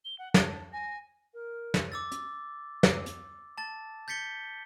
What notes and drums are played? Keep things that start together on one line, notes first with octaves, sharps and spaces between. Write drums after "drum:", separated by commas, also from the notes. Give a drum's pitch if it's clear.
G7
F#5
A5, drum: snare
G#5 A#6
A#4
drum: snare
D6 E6 A6
drum: hi-hat
drum: snare
drum: hi-hat
A5 A6
G6 A6 B6 C#7 G7